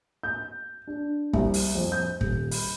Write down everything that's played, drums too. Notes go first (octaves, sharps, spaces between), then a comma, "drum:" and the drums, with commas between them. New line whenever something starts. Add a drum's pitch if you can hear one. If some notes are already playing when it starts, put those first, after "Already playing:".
G6
D4
C2, drum: kick
drum: open hi-hat
F2
G6
D#1, drum: kick
B5, drum: open hi-hat